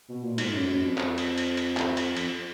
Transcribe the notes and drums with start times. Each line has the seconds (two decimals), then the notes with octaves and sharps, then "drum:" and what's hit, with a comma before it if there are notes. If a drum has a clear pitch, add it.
0.09 B2
0.24 A#2
0.38 G#2, drum: cymbal
0.54 F#2
0.68 F#2
0.83 F2
0.98 drum: clap
1.18 drum: cymbal
1.38 drum: cymbal
1.57 drum: cymbal
1.77 drum: clap
1.97 drum: cymbal
2.16 F2, drum: cymbal